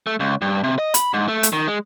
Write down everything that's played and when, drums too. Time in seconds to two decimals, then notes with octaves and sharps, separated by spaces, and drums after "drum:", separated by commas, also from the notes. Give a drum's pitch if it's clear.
0.07 A3
0.20 C#2
0.41 G2
0.64 C3
0.79 D#5
0.94 B5, drum: hi-hat
1.14 G#2
1.28 A3
1.43 drum: hi-hat
1.53 D#3
1.67 G#3